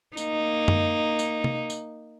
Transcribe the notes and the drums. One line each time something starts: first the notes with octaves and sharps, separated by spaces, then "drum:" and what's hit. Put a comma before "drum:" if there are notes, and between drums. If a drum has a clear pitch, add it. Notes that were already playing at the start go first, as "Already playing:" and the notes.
A#3 D#4, drum: tambourine
drum: tom F#2
drum: tambourine
drum: tom C3
drum: tambourine